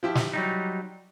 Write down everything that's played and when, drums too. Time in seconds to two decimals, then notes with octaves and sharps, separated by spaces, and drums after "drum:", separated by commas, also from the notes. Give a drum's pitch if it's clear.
0.03 F3 E4 G4
0.15 drum: snare
0.34 F#3 G3 D#4